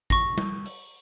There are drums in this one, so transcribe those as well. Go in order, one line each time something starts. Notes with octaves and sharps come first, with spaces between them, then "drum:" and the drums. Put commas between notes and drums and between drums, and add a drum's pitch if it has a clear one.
C#6 A#6, drum: kick G#1
drum: tom
drum: open hi-hat